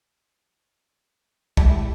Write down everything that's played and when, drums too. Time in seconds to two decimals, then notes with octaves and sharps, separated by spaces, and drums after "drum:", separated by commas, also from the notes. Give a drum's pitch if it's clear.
1.57 G#3 E4 G4 A4, drum: kick